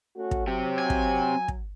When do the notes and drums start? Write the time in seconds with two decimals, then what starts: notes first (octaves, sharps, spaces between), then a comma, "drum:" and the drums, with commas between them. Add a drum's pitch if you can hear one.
0.17 A3 C#4 F#4
0.31 drum: kick
0.48 F#3 C4 G4
0.79 G#5
0.90 drum: kick
1.48 drum: kick